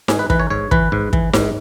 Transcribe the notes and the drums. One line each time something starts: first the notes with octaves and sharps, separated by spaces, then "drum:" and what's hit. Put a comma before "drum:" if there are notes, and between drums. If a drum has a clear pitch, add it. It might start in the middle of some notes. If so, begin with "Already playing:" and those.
G#2 G#4, drum: snare D#4
B4
E3 B4, drum: kick
C#5
G#2 C#5
E3 B4, drum: kick
G#2
E3, drum: kick
G#2, drum: snare D#4